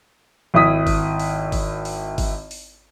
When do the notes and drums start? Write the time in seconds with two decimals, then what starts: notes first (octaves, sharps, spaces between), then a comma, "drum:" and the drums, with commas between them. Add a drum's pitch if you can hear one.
0.54 G#1 E4 D#6 B6
0.87 drum: kick G1, open hi-hat
1.19 drum: open hi-hat
1.52 drum: kick G1, open hi-hat
1.85 drum: open hi-hat
2.18 drum: kick G1, open hi-hat
2.51 drum: open hi-hat